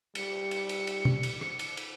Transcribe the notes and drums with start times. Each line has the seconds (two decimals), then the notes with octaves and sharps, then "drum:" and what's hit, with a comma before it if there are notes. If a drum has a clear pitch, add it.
0.15 G3 C#7, drum: cymbal
0.51 drum: cymbal
0.69 drum: cymbal
0.87 drum: cymbal
1.05 drum: tom
1.23 drum: cymbal
1.41 drum: rim click
1.59 drum: cymbal
1.77 drum: cymbal